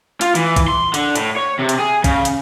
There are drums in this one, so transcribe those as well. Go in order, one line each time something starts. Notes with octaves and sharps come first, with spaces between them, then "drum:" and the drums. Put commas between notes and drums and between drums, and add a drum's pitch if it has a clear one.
F4, drum: hi-hat
E3, drum: hi-hat
drum: kick, hi-hat
C6
D3, drum: hi-hat
A2, drum: hi-hat
C#5
C3
drum: hi-hat
G#4
C#3, drum: kick, hi-hat
drum: hi-hat